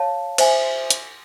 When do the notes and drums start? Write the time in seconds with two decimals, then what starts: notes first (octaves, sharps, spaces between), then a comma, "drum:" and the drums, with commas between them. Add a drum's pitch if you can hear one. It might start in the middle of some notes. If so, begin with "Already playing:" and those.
Already playing: C#5 F5 A5
0.38 C5 E5 G#5, drum: cymbal
0.90 drum: hi-hat